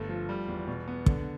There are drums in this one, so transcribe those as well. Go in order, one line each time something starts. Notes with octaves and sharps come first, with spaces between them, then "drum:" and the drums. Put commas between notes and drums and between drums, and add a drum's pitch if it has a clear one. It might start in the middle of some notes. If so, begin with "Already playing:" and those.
Already playing: G1 A3
F3
G3
E2
B2
B3
D3, drum: kick